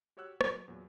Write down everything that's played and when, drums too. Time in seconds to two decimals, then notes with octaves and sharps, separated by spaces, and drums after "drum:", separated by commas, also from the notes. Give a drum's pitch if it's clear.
0.17 F#4 G4 C#5 F#5 E6 F#6
0.41 F#3, drum: rim click
0.68 E2 A#2 F#3